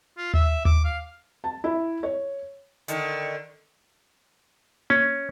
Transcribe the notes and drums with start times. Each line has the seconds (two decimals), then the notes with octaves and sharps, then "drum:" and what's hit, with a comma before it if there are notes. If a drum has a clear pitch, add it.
0.18 F4
0.34 E5, drum: tom D#2
0.65 D6, drum: tom D#2
0.85 F5
1.44 A5
1.64 E4
2.03 C#5
2.88 D3 D#3, drum: hi-hat
4.90 C#4, drum: tom A#3